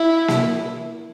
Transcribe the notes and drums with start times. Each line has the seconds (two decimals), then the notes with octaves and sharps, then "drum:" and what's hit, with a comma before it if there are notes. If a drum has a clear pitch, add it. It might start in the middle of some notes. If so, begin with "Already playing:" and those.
Already playing: E4
0.28 drum: snare A#3